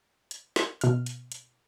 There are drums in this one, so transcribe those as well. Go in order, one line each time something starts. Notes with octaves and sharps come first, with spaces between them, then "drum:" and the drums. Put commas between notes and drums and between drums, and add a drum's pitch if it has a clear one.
drum: hi-hat
drum: snare
B2 F6, drum: hi-hat
drum: hi-hat
drum: hi-hat